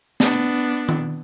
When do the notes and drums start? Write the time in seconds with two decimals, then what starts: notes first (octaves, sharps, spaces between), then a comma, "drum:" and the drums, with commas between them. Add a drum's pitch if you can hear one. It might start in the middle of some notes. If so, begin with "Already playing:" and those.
0.20 B3 D4, drum: snare
0.89 drum: tom D#3